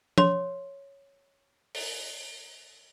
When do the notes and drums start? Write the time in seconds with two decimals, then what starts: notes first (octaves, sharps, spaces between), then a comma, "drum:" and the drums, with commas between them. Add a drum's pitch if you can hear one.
0.18 C#5 C6, drum: tom F3
1.75 drum: open hi-hat